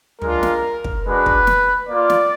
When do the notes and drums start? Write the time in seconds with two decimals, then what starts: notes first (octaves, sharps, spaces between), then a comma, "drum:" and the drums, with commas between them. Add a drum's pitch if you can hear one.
0.22 G#3 D4 F4 A#4, drum: tom
0.43 drum: snare
0.84 drum: kick
1.05 G#3 D4 F#4 B4
1.26 drum: kick
1.47 drum: snare
1.89 A#3 F4 D5
2.10 drum: snare